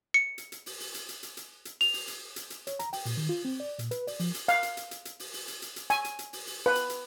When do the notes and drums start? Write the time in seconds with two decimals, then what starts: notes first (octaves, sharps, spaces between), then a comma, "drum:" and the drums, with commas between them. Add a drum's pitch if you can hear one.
0.14 C#7
0.38 drum: hi-hat
0.52 drum: hi-hat
0.66 drum: open hi-hat
0.80 drum: open hi-hat
0.94 drum: hi-hat
1.09 drum: hi-hat
1.23 drum: hi-hat
1.37 drum: hi-hat
1.65 drum: hi-hat
1.81 F7, drum: open hi-hat
1.94 drum: open hi-hat
2.08 drum: hi-hat
2.36 drum: hi-hat
2.50 drum: hi-hat
2.67 C#5, drum: hi-hat
2.79 A#5, drum: hi-hat
2.93 G5, drum: open hi-hat
3.05 A#2, drum: open hi-hat
3.17 D#3
3.29 F4
3.45 C4
3.60 D5
3.79 A#2, drum: hi-hat
3.91 B4, drum: hi-hat
4.07 D5, drum: open hi-hat
4.20 F3, drum: open hi-hat
4.34 drum: hi-hat
4.48 F5, drum: hi-hat
4.63 drum: hi-hat
4.77 drum: hi-hat
4.91 drum: hi-hat
5.05 drum: hi-hat
5.19 drum: open hi-hat
5.34 drum: open hi-hat
5.48 drum: hi-hat
5.62 drum: hi-hat
5.76 drum: hi-hat
5.90 G#5, drum: hi-hat
6.04 drum: hi-hat
6.19 drum: hi-hat
6.33 drum: open hi-hat
6.47 drum: open hi-hat
6.66 B4
6.75 drum: hi-hat
6.90 drum: hi-hat